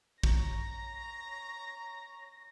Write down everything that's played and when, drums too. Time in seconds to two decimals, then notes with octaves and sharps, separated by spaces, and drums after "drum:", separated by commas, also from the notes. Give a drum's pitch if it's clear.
0.23 C#5 A#5 A#6, drum: kick